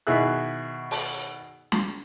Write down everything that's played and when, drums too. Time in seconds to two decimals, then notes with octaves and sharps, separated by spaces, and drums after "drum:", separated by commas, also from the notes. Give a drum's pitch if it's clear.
0.07 B2 D#3 E4 G#4 E5 F#6
0.91 drum: open hi-hat
1.72 drum: snare